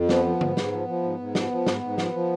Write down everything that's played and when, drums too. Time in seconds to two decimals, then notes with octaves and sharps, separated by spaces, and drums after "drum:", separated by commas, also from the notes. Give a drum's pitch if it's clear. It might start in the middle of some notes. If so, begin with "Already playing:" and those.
Already playing: F2
0.09 F3 B3, drum: snare
0.25 F3
0.41 G#2, drum: tom D3
0.57 G#2, drum: snare
0.72 F3
0.88 F3
1.03 G#2
1.19 G#2
1.35 F3, drum: snare
1.51 F3
1.67 G#2, drum: snare
1.83 G#2
1.98 F3, drum: snare
2.14 F3